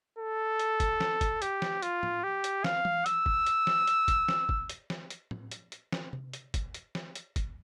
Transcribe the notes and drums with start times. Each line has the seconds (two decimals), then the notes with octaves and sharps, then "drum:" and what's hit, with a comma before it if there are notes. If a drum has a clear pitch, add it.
0.19 A4
0.60 drum: hi-hat
0.80 drum: kick, hi-hat
1.01 drum: snare
1.21 drum: kick, hi-hat
1.42 G4, drum: hi-hat
1.62 drum: snare
1.82 F4, drum: hi-hat
2.03 drum: tom A2
2.24 G4
2.44 drum: hi-hat
2.64 F5, drum: snare
2.85 drum: tom E3
3.06 E6, drum: hi-hat
3.26 drum: kick
3.46 drum: hi-hat
3.67 drum: snare
3.87 drum: hi-hat
4.08 drum: kick, hi-hat
4.28 drum: snare
4.49 drum: kick
4.69 drum: hi-hat
4.90 drum: snare
5.10 drum: hi-hat
5.31 drum: tom A2
5.51 drum: hi-hat
5.72 drum: hi-hat
5.92 drum: snare
6.13 drum: tom C3
6.33 drum: hi-hat
6.54 drum: kick, hi-hat
6.74 drum: hi-hat
6.95 drum: snare
7.15 drum: hi-hat
7.36 drum: kick, hi-hat